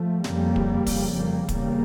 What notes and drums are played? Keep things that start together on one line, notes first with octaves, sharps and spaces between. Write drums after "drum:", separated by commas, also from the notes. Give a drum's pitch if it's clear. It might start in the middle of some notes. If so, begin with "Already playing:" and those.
Already playing: F3 A3
F2 C#3 G3 A#3, drum: snare
drum: kick
F2 C#3, drum: kick, open hi-hat
G3 A#3
E2 C#3 G3 A#3, drum: kick, hi-hat